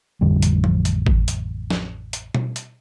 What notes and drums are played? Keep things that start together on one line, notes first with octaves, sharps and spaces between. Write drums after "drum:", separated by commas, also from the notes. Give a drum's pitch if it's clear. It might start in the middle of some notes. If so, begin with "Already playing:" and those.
A1 F2 D3 G3
drum: hi-hat
drum: tom F3
drum: hi-hat
drum: kick G#1
drum: hi-hat
drum: snare
drum: hi-hat
drum: tom B2
drum: hi-hat